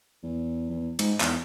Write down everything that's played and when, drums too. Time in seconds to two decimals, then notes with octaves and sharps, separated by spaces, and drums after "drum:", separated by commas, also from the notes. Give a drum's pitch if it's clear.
0.23 E2
0.70 E2
0.99 G#2, drum: cymbal
1.20 E2, drum: clap